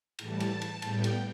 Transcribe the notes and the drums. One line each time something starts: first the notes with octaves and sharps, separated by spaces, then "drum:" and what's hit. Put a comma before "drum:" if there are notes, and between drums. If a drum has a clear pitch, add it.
A2 E3 G3 A5, drum: cymbal
drum: cymbal
drum: cymbal
A2 G3 B3 G5, drum: cymbal
drum: cymbal